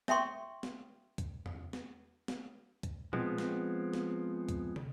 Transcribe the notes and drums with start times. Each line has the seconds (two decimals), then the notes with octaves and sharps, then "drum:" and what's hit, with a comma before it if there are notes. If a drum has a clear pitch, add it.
0.08 C#5 E5 G5 C6 C#6, drum: snare
0.63 drum: snare
1.18 drum: kick, hi-hat
1.46 drum: tom E2
1.73 drum: snare
2.28 drum: snare
2.83 drum: kick, hi-hat
3.13 F3 G#3 B3 C4, drum: tom A#2
3.38 drum: snare
3.93 drum: snare
4.49 drum: kick, hi-hat
4.76 drum: tom